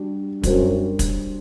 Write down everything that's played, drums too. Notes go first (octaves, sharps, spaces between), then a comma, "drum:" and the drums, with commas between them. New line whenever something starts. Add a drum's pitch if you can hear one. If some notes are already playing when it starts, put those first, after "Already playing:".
Already playing: G3 D4 F#4
F#2 G3 D4 F#4 C5, drum: kick, hi-hat
drum: kick, hi-hat